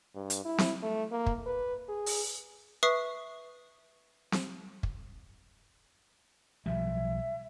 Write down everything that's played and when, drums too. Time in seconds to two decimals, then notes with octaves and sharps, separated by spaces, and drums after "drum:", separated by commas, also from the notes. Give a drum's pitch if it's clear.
0.15 G2
0.30 drum: hi-hat
0.45 E4
0.58 drum: snare C4
0.82 A3
1.11 A#3
1.26 drum: kick
1.46 B4
1.89 G#4
2.06 drum: open hi-hat
2.83 B4 E5 C#6 D#6 C7
4.32 drum: snare C4
4.83 drum: kick
6.66 B1 F3 G3 E5